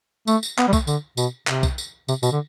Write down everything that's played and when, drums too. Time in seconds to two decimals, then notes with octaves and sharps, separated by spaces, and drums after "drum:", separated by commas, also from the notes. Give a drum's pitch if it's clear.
0.27 A3, drum: tambourine
0.43 drum: tambourine
0.58 B3, drum: clap
0.68 G3
0.73 A3, drum: kick B1, tambourine
0.87 D3, drum: tambourine
1.17 B2, drum: tambourine
1.47 C3, drum: clap
1.63 drum: kick B1, tambourine
1.78 drum: tambourine
2.08 C3, drum: tambourine
2.23 B2, drum: tambourine
2.32 D3